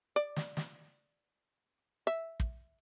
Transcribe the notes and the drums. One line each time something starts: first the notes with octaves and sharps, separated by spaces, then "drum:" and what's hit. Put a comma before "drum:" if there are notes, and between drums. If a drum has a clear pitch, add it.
D5
drum: snare
drum: snare
E5
drum: kick